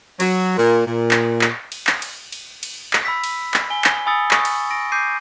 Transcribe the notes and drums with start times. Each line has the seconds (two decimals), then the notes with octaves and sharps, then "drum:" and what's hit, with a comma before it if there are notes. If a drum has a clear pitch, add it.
0.20 F#3, drum: cymbal
0.58 A#2
0.86 A#2
1.11 drum: clap
1.41 drum: clap
1.72 drum: cymbal
1.87 drum: clap
2.02 drum: cymbal
2.32 drum: cymbal
2.63 drum: cymbal
2.93 drum: clap
3.05 B5 E6 B6
3.24 drum: cymbal
3.54 drum: clap
3.70 G#5 G7
3.84 drum: clap
4.06 G#5 B5 D#6 E6 A6 C#7
4.31 C#6 D#6, drum: clap
4.45 drum: cymbal
4.70 A#6 D7
4.92 D6 G6 C7 D#7